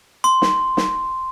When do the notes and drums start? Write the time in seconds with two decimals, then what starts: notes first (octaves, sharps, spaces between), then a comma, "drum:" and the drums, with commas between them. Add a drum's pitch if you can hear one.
0.24 C6
0.42 drum: snare
0.77 drum: snare